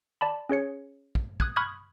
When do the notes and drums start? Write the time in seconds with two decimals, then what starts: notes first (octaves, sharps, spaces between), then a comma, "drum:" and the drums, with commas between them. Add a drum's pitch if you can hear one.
0.21 D5 A5 B5
0.49 C#4 G#4 C#5 C#7
1.15 drum: kick
1.40 D#6 F#6 G#6, drum: kick
1.56 B5 C#6 D#6 F6 F#6 G#6